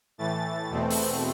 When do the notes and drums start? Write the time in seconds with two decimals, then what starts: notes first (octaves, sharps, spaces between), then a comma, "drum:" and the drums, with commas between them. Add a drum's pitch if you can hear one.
0.18 A2 E3 A3 A6
0.70 E2 B2 A3 C4
0.91 drum: open hi-hat